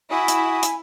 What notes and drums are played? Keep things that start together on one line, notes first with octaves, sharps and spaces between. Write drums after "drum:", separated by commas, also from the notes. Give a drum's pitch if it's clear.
E4 F#4 G#5 B5 D#6
drum: hi-hat
drum: hi-hat